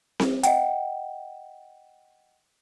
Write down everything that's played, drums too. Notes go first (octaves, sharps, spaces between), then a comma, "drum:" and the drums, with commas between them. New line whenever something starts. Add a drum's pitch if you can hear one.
drum: snare C4
D#5 F#5 G5, drum: hi-hat